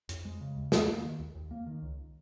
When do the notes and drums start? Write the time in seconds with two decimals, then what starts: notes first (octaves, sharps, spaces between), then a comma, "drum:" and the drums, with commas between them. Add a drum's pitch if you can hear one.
0.09 F2, drum: hi-hat
0.25 G#3
0.41 C#3
0.56 D#2
0.72 D#2, drum: snare
0.88 A#3
1.04 D#3
1.19 D#2
1.35 D#2
1.51 A#3
1.66 D#3
1.82 C#2